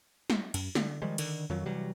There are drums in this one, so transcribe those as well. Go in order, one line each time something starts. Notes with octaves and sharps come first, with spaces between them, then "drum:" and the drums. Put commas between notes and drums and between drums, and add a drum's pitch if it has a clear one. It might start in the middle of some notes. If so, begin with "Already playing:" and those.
drum: snare
F#2, drum: cymbal
D3, drum: snare
D#3 F3 G3 G#3
D3 D#3, drum: cymbal
F2 D#3 F3 F#3
C3 E3 F#3 G3